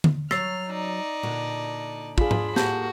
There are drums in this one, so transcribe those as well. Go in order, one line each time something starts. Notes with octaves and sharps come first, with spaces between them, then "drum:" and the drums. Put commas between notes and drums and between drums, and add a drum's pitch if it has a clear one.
drum: tom D3
F#3 C#5 E6 F6 A6 C7, drum: rim click
D#4 D5
A#2 D3 F#4
D4 F4 G#4 B5, drum: kick
drum: tom G#2
A2 A#3 F#4 G4 A5 G6, drum: snare